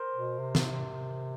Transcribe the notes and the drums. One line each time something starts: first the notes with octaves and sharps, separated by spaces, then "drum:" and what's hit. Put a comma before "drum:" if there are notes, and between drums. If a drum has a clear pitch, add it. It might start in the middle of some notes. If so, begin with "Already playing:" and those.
Already playing: A#4 C5
B2
C3
drum: snare